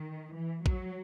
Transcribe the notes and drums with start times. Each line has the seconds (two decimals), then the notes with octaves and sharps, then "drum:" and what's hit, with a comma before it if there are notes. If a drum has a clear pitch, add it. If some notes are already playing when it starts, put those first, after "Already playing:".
Already playing: D#3
0.36 E3
0.66 F#3, drum: kick